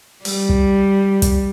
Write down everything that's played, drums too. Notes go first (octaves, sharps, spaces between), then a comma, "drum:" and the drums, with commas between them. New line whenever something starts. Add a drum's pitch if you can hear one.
G3, drum: open hi-hat
drum: kick
drum: kick, hi-hat